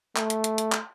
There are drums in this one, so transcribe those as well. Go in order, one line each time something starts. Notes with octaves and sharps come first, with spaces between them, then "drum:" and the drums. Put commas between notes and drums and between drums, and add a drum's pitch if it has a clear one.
A3, drum: clap
drum: hi-hat
drum: hi-hat
drum: hi-hat
drum: clap